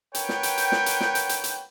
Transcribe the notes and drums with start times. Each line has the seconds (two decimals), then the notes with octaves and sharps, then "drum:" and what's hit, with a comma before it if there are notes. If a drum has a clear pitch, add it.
0.14 A#4 B4 C#5 F#5 G5, drum: hi-hat
0.29 drum: snare
0.43 drum: hi-hat
0.58 drum: hi-hat
0.72 drum: snare
0.86 drum: hi-hat
1.01 drum: snare
1.15 drum: hi-hat
1.29 drum: hi-hat
1.44 drum: hi-hat